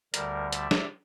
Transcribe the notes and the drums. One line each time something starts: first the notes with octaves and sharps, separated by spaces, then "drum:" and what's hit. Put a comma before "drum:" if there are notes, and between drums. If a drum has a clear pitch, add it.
D2 D3 G3 A#4, drum: hi-hat
D5 E5, drum: hi-hat
drum: snare